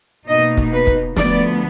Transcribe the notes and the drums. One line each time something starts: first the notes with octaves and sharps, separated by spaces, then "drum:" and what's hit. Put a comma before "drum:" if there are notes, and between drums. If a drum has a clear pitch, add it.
B2 A#3 D#4 D#5
drum: kick
B4
drum: kick
D2 D3 F3 B3 D5, drum: snare